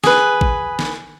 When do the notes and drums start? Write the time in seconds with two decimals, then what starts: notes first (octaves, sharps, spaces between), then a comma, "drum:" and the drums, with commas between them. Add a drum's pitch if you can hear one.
0.04 G#4 B4, drum: snare
0.41 drum: kick A1
0.79 drum: snare